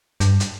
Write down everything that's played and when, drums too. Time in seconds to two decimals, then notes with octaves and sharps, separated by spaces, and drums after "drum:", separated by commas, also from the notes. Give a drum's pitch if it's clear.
0.20 G2, drum: hi-hat
0.40 drum: hi-hat